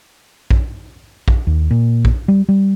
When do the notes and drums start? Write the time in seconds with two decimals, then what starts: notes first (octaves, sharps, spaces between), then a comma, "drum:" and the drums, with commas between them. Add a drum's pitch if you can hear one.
0.51 drum: kick A#1
1.28 drum: kick A#1
1.47 D#2
1.71 A#2
2.05 drum: kick A#1
2.28 G3
2.49 G3